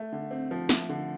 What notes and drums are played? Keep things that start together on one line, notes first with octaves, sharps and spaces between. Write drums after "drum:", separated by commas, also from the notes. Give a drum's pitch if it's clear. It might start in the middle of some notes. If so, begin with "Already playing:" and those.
Already playing: A3
D3
C4
F3
A3, drum: snare
D3